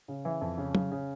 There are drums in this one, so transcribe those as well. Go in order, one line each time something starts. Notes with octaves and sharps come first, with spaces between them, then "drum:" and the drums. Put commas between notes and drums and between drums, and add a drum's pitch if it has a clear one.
C#3
E3
F2
C#3
C#3, drum: tom F#3
C#3